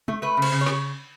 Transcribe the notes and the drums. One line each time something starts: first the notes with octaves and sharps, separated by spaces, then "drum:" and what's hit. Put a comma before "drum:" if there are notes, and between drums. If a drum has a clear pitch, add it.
A3, drum: tom
A3 B4
C#3
C5, drum: cymbal
C#3
C#5
C#3, drum: snare